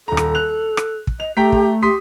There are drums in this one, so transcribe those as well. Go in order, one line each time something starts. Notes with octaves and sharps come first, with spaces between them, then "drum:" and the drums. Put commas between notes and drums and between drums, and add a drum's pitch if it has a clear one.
D#1 A4 A#5
drum: rim click
F#6 F7
drum: rim click
drum: kick
D#5 F7
A3 G4 G5 A#5 B6
drum: kick
G4 C6 D#6 B6